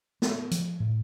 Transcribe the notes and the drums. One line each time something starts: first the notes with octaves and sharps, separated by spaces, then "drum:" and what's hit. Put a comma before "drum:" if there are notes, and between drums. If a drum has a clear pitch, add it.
B3, drum: snare
F3, drum: hi-hat
A2